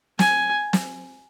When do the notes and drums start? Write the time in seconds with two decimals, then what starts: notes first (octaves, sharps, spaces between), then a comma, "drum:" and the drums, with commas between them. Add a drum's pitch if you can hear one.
0.19 G#5, drum: snare
0.73 drum: snare